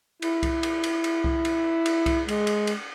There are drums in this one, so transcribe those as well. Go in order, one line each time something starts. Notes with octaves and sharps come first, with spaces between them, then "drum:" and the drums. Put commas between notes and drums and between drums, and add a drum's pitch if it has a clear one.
E4, drum: cymbal
drum: kick C2, cymbal
drum: cymbal
drum: cymbal
drum: cymbal
drum: kick C2
drum: cymbal
drum: cymbal
drum: kick C2, cymbal
G#3, drum: cymbal
drum: cymbal
drum: cymbal